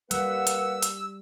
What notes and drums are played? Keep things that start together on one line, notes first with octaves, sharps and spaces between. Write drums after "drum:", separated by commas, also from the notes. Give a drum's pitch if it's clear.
G3 A#3 B4 F#5 E6, drum: hi-hat
drum: hi-hat
drum: hi-hat